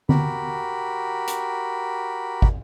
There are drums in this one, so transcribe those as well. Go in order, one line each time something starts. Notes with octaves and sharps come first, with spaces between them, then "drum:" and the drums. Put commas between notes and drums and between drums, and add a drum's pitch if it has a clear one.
F#4 G4 A#4 B5, drum: tom D3
drum: hi-hat
drum: kick